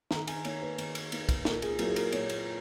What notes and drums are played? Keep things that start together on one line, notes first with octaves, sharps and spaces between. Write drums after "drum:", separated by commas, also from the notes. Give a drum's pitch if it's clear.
D#3 A#5, drum: snare
G#5, drum: cymbal
A#3 D#4 C#5, drum: cymbal
B4
D#3, drum: cymbal
drum: cymbal
A#3 D#4, drum: cymbal
drum: kick, cymbal
A#2 A#4, drum: snare
G#4, drum: cymbal
F#3 A#3 E4 A#4, drum: cymbal
G#4
A#4, drum: cymbal
A#2 C#5, drum: cymbal
drum: cymbal